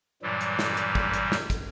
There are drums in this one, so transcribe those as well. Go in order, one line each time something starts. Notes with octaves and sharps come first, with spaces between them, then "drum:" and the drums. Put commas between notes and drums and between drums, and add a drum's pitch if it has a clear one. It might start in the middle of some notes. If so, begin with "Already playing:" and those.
G2 A#2 E3 F#3 G3
drum: hi-hat
drum: snare
drum: hi-hat
drum: kick
drum: hi-hat
drum: snare
drum: kick, hi-hat